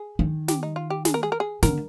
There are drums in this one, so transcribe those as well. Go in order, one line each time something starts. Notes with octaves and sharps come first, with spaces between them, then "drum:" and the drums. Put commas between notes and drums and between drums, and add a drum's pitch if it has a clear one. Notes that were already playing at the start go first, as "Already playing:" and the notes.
Already playing: G#4
D#3
G4, drum: snare
D#4
F4
G4
G#4, drum: snare
A#4
G#4
A#4
G#4
D3 A#4, drum: snare